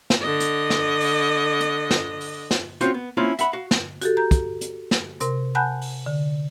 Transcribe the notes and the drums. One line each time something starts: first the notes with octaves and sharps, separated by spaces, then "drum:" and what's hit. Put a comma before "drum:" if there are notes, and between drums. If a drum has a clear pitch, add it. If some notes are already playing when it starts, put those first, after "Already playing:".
drum: snare
D3 D#5
drum: hi-hat
drum: snare
drum: open hi-hat
drum: hi-hat
drum: snare
drum: open hi-hat
drum: snare
C4 C#4 F4 F#4 C5, drum: hi-hat
B3
A#3 C4 C#4 E4 F4
E5 F#5 B5, drum: hi-hat
F#4 F5
drum: snare
F#4 G4 A4, drum: hi-hat
A#5 G6
drum: kick, hi-hat
drum: hi-hat
drum: snare
C3 A#4 C6, drum: hi-hat
F#5 G#5 A5 B5 F#6 G6
drum: open hi-hat
D3